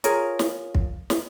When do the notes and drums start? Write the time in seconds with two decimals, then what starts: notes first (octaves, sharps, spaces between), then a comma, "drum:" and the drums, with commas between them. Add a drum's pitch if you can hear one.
0.04 F4 G#4 A#4 C#5, drum: hi-hat
0.39 drum: snare
0.75 drum: kick
1.10 drum: snare